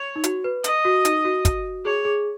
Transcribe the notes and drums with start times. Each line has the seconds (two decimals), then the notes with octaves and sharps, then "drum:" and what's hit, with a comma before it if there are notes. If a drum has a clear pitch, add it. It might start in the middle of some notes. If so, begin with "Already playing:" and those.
Already playing: C#5
0.16 D#4
0.24 F#4, drum: hi-hat
0.44 B4
0.64 D#5, drum: hi-hat
0.85 F#4
1.05 D#4, drum: hi-hat
1.25 F#4
1.45 drum: kick, hi-hat
1.85 G#4 C#5
2.05 G#4